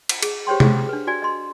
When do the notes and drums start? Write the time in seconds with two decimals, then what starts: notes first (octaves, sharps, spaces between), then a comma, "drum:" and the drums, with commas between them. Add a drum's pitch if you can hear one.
0.09 drum: cymbal
0.23 G#4, drum: cymbal
0.47 G4 C5 C#5 G5 C6
0.60 G#4, drum: tom C3
0.89 D4 B4
1.07 F#4 D5 G#5
1.22 D#5 C6